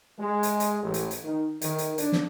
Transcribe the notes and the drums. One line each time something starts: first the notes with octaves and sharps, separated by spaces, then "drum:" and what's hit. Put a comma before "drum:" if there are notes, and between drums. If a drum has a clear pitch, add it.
G#3
drum: hi-hat
drum: hi-hat
A1
drum: hi-hat
drum: hi-hat
D#3
D#3, drum: hi-hat
drum: hi-hat
D4, drum: hi-hat
drum: snare